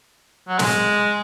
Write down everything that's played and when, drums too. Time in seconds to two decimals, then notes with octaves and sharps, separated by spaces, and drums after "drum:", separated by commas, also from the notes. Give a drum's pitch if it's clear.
0.48 F#3
0.59 G#3, drum: snare